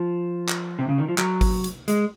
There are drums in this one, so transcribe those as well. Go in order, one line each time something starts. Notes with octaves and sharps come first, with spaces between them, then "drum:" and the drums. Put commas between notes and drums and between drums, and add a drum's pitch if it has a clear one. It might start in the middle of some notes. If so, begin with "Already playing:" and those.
Already playing: F3
drum: clap
C3
C#3
D#3
F3
F#3, drum: clap
drum: kick G#1, open hi-hat
drum: hi-hat
G#3, drum: hi-hat